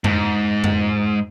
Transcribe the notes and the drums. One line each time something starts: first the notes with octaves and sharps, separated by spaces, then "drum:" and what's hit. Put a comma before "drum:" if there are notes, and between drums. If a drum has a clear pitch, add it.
G#2, drum: tom F2
drum: tom F2